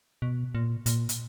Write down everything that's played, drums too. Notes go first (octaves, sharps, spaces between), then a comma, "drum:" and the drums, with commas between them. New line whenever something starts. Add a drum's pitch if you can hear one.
B2
A#2
A#2, drum: hi-hat
drum: hi-hat